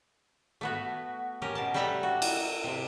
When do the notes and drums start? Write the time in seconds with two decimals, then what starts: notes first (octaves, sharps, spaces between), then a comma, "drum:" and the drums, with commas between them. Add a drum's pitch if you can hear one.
0.61 A3 B3 F#4
1.42 C#4 G4 A#4
1.55 B2 A5
1.74 G3 A3 A4 E5 F#5 A#5
2.03 F#4
2.22 drum: cymbal
2.64 C3